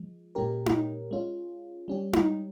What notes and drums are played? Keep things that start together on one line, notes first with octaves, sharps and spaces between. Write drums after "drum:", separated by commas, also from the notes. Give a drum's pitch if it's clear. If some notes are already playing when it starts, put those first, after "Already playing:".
Already playing: F3 G#3
A#2 G#3 C#4 G4 A#4
drum: tom D#4
G#3 C#4 F4
G3 C#4 G4
drum: tom D#4